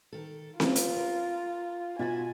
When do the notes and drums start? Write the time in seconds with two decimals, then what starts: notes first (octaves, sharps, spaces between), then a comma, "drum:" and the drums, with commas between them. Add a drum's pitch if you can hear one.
0.13 D#3 A4
0.60 A3 B3 C#4 F4, drum: snare C4
0.76 drum: hi-hat
0.96 A#4
1.99 B2 F4 F#4 E5 G#5 A6